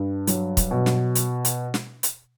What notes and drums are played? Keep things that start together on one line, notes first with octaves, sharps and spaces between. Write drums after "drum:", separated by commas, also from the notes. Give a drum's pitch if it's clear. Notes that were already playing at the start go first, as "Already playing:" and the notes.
Already playing: G2
F#3, drum: hi-hat
drum: kick, hi-hat
B2
drum: snare
drum: hi-hat
drum: hi-hat
drum: snare
drum: hi-hat